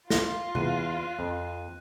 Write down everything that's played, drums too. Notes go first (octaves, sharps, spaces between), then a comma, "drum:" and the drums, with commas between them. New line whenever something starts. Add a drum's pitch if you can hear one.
F4 A#6, drum: snare
E2 F#6 D#7, drum: tom C3
F2